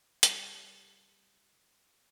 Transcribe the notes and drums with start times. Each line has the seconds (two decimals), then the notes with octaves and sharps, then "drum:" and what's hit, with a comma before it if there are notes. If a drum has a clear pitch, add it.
0.23 G3 F5, drum: hi-hat